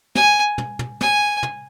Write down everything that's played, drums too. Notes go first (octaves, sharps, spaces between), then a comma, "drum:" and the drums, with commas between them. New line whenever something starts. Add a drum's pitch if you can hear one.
G#5, drum: snare
drum: tom
drum: tom
G#5, drum: snare
drum: tom